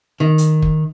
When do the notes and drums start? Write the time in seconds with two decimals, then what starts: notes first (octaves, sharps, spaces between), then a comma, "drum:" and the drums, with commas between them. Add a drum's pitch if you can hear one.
0.20 D#3
0.38 drum: hi-hat
0.62 drum: kick